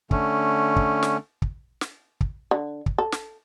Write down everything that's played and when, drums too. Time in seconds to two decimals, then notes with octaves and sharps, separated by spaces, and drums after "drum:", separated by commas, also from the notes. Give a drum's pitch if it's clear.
0.11 D3 A3 C#4, drum: kick
0.76 drum: kick
1.03 drum: snare
1.42 drum: kick
1.81 drum: snare
2.21 drum: kick
2.51 D3
2.86 drum: kick
2.98 A4
3.12 drum: snare